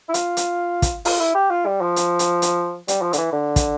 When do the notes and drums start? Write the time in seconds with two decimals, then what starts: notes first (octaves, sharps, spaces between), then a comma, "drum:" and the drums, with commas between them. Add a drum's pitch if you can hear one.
0.09 E4
0.14 F4, drum: hi-hat
0.37 drum: hi-hat
0.82 drum: kick, hi-hat
1.05 F4, drum: open hi-hat
1.20 E4
1.35 G4
1.51 F4
1.66 G3
1.82 F3
1.96 drum: hi-hat
2.19 drum: hi-hat
2.42 drum: hi-hat
2.88 G3, drum: hi-hat
3.02 F3
3.13 D3, drum: hi-hat
3.18 E3
3.33 D3
3.56 drum: kick, hi-hat